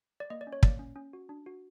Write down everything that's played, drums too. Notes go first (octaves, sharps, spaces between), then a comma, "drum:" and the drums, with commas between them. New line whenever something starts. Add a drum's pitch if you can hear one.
D5
A#3 D#5
D5
C#4
C#5
A#3 D5, drum: kick
C#4
C#4
F#4
D4
F#4